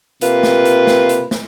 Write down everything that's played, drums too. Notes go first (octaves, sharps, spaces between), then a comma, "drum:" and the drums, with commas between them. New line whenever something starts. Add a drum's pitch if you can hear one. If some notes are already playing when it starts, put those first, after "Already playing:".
C3 A#3 F4 B4, drum: hi-hat
drum: snare
drum: hi-hat
drum: snare
drum: hi-hat
drum: snare